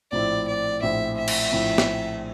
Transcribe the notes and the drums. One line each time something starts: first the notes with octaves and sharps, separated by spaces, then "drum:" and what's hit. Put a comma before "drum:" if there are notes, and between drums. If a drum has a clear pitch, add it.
A#1 A2 F3 C4 E4 D5
D5
A#1 A2 F3 C4 E4 E5
E5
drum: cymbal
A#1 A2 F3 C4 E4
drum: snare